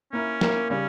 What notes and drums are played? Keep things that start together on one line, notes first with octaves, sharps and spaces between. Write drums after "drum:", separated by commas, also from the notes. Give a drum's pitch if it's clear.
A#3 C#4 E4 A#4
A#3 E4 A#4, drum: snare
C#3 G3 C#4